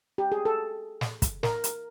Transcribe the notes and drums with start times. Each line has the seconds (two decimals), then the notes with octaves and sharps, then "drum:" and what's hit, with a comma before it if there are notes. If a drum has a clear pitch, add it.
0.18 G4
0.32 G#4
0.45 A4
1.01 drum: snare
1.22 drum: kick, hi-hat
1.43 A#4, drum: snare
1.64 drum: hi-hat